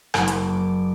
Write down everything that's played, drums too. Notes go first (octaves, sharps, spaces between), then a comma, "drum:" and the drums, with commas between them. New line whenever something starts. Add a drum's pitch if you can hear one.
F#1, drum: rim click
drum: hi-hat
D6